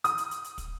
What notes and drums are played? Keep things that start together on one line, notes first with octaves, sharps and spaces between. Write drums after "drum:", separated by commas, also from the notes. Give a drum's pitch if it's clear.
D#6, drum: hi-hat
drum: hi-hat
drum: hi-hat
drum: hi-hat
drum: kick, hi-hat